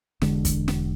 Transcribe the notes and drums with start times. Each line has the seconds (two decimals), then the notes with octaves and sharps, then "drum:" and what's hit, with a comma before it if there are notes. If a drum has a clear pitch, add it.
0.22 E1 D3 G#3 D4, drum: snare
0.45 drum: kick, hi-hat
0.68 drum: snare